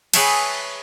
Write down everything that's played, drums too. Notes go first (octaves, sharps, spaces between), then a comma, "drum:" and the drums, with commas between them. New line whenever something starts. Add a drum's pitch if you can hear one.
G#4 B4 C#5 E5 G5 A5, drum: cymbal